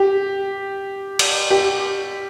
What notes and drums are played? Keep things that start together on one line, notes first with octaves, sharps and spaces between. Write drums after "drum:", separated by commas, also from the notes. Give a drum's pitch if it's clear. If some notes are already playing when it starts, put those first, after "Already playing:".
Already playing: G4
drum: cymbal
G4